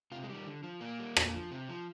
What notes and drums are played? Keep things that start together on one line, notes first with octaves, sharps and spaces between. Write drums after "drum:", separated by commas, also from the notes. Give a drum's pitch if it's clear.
C3 F4
G#3
D#3 G3
D3
F3
A#2 A#3
G3
A#2, drum: rim click
F3
C3
F3